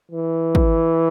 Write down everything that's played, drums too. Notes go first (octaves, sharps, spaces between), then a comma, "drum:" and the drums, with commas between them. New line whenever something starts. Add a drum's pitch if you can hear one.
E3
drum: kick